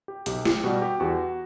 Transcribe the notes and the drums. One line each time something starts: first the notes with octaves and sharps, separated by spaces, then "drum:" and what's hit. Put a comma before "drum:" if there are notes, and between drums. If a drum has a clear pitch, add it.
G4
B1 G4, drum: hi-hat
G4, drum: snare
B2 G3 F#4
G4
E2 F#4